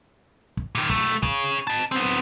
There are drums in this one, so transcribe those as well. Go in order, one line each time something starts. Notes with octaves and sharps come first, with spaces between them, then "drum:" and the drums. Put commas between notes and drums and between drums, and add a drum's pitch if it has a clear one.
drum: kick
A#2 D#3
B1 A3, drum: kick
G#4 C#5, drum: kick
D#5 A5
B3 C4